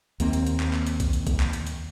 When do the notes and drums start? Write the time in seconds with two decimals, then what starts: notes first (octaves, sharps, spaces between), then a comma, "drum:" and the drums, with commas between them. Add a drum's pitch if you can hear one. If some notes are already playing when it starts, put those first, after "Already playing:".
0.20 D#2 A#3 C4, drum: hi-hat
0.33 drum: hi-hat
0.47 drum: hi-hat
0.60 drum: clap
0.73 drum: clap
0.87 drum: hi-hat
1.00 drum: kick B1, hi-hat
1.13 drum: hi-hat
1.27 drum: kick B1, hi-hat
1.40 drum: clap
1.53 drum: hi-hat
1.67 drum: hi-hat